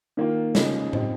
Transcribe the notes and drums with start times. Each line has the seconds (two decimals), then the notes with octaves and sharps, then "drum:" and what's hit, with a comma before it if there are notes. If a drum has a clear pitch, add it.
0.17 D#3 A#3 F4
0.55 C#3 F3 G#3 D#4, drum: snare
0.93 F3 C4 D#4 G4, drum: tom A2